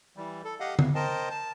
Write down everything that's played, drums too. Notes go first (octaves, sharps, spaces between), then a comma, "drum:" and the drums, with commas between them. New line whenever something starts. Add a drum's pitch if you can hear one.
E3 G3
A4
G4 D#5 F5 F#5
C#3 E3, drum: tom
A#4 C5 D#5 G5 A5
A5